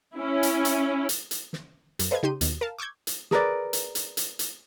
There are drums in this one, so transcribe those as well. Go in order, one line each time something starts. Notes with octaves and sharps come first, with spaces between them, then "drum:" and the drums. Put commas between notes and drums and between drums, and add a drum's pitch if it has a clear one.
C#4 E4
drum: hi-hat
drum: hi-hat
drum: hi-hat
drum: hi-hat
drum: snare
F#2, drum: hi-hat
A4 B4 C5 D#5 F5 G#6
C#3 D#4 G4 C6 G6 D#7
D#2 B2, drum: hi-hat
A#4 F5 A5
C#6 D6 E6 G6 G#6
drum: hi-hat
G#4 A#4 B4 D5, drum: snare
drum: hi-hat
drum: hi-hat
drum: hi-hat
drum: hi-hat